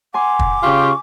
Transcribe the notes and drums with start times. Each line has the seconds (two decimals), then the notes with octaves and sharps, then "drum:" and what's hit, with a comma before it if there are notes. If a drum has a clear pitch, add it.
0.14 F#5 G#5 C6 D6
0.39 drum: kick
0.63 C#3 F4 G4 C#6